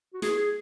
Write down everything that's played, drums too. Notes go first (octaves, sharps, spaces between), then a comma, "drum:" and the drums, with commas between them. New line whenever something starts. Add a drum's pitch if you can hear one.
F#4
G#4, drum: snare
G#4